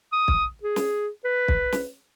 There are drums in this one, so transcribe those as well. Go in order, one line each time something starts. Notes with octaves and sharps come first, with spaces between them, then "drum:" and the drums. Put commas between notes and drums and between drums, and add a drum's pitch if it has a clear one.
D#6
drum: kick B1
G#4
drum: snare
B4
drum: kick B1
drum: snare